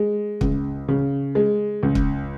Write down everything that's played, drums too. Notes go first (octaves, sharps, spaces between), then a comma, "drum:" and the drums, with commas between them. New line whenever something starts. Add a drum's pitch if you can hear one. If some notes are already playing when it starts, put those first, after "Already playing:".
Already playing: G#3
C#2, drum: kick
C#3
G#3
C#2
drum: kick